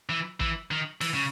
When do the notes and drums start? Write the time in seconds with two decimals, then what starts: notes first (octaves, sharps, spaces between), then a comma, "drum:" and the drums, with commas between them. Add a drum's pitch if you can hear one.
0.09 E3
0.40 E3, drum: kick
0.71 D#3
1.01 E3, drum: open hi-hat
1.14 C#3